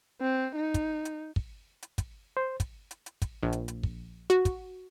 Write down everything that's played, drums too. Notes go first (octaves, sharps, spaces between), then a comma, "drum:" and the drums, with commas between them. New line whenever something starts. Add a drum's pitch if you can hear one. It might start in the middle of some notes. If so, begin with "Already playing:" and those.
C4
D#4
drum: kick, hi-hat
drum: hi-hat
drum: kick
drum: hi-hat
drum: kick, hi-hat
C5
drum: kick, hi-hat
drum: hi-hat
drum: hi-hat
drum: kick, hi-hat
A#1
drum: hi-hat
drum: hi-hat
drum: kick
F#4, drum: hi-hat
drum: kick, hi-hat